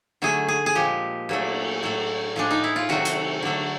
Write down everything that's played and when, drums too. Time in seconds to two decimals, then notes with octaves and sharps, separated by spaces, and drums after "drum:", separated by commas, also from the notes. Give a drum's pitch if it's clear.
0.22 D3 F#3 A3 G#4
0.48 G#4
0.66 G#4
0.75 A#2 F3 G#3 G4
1.29 A#2 F#3 A3, drum: cymbal
1.83 A2 F#3 A3
2.36 A2 F3 G#3 D4
2.51 D#4
2.64 E4
2.76 F4
2.89 C3 D#3 F#3 A3 F#4, drum: cymbal
3.05 drum: hi-hat
3.43 D3 F#3 A3